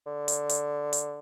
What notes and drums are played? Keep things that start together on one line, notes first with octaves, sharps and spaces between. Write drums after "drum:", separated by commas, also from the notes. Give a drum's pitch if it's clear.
D3
drum: hi-hat
drum: hi-hat
drum: hi-hat